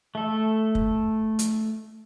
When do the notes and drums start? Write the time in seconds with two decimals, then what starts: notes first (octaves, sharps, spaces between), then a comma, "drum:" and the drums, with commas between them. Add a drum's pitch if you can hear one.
0.15 A3 A4
0.75 drum: kick
1.39 drum: hi-hat